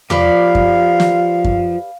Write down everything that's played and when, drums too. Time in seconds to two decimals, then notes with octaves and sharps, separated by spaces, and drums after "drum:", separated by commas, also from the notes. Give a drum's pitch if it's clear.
0.10 F3 G4 B4 D5 F5, drum: tom E2
0.55 drum: kick F#2
1.00 drum: snare
1.44 drum: kick F#2